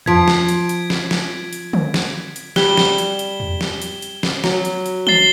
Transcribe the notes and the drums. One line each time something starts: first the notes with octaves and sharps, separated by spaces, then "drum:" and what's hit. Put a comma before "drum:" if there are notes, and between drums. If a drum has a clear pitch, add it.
F3 G#6 B6 D7, drum: tom E2
drum: snare
drum: hi-hat
drum: hi-hat
drum: snare
drum: snare
drum: hi-hat
drum: tom D3
drum: snare
drum: hi-hat
G3 G#6 B6 E7 G7, drum: snare
drum: snare
drum: hi-hat
drum: hi-hat
drum: tom E2
drum: snare
drum: hi-hat
drum: hi-hat
drum: snare
F#3, drum: snare
drum: hi-hat
drum: hi-hat
A6 C7 E7 G7, drum: tom